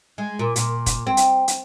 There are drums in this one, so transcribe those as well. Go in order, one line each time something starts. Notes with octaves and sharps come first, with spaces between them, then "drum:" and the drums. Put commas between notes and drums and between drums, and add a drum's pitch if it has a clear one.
G#3
A#2
A#2, drum: hi-hat
drum: kick, hi-hat
C4
drum: hi-hat
drum: hi-hat